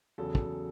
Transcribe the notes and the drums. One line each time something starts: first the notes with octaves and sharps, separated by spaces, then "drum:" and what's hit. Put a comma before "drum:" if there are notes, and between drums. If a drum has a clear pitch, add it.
E2 C#3 F#3 A4
drum: kick